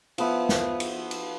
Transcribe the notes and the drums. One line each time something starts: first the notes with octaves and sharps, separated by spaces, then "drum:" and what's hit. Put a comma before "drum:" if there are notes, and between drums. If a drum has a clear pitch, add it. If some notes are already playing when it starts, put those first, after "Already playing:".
F3 B3 E5, drum: cymbal
drum: snare
drum: cymbal
drum: cymbal